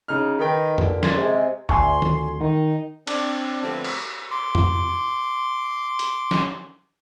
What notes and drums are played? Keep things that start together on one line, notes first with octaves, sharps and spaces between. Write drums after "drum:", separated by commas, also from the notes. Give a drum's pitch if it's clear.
C#3 D#4 F6
D#3 B4 G5
A#2 D3, drum: tom F2
C6 G#6 A6, drum: snare
C3 G#3
D2 G#5 C6 C#6, drum: kick
drum: tom D#3
D#3 D#4
C4 D4, drum: cymbal
D3 F3 G3 A3 B3 C4
drum: cymbal
C6 D6
drum: tom F2
drum: hi-hat
drum: snare